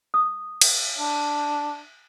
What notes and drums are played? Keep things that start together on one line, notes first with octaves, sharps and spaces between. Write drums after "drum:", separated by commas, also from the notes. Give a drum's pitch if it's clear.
D#6
drum: cymbal
D4